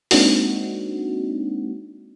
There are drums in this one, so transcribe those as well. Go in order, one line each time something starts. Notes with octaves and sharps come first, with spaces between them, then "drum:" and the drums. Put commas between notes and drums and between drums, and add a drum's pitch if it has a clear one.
G#3 A#3 C4 D4 D#4 F#4, drum: open hi-hat